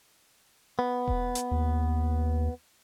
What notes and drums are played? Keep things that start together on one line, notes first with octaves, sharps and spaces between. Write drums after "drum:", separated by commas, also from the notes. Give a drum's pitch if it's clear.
B3
drum: kick E1
drum: hi-hat
D#2